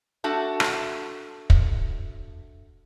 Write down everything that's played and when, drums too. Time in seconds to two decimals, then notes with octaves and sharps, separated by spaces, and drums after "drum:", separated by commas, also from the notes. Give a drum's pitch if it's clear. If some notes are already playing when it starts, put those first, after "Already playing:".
0.24 A3 D4 F#4 A5
0.60 drum: rim click
1.50 drum: kick